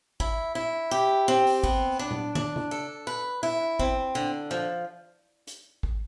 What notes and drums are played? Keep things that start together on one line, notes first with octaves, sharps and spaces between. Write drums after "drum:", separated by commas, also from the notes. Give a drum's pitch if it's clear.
E4, drum: kick
E4
G4
C4
drum: open hi-hat
B3, drum: kick
D4
drum: tom A#2
D4, drum: tom
drum: tom C#3
A4
B4
E4
C4, drum: kick
D3
F3
drum: hi-hat
drum: kick